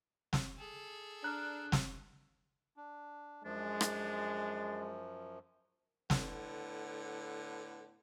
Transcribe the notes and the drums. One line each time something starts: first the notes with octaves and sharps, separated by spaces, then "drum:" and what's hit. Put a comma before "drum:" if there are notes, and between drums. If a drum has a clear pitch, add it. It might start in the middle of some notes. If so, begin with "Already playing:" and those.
drum: snare
G#4 A4
D4 A#5 F6 F#6
drum: snare
D4
F#2 F3 G#3 D4
drum: rim click
A2 D3 B3, drum: snare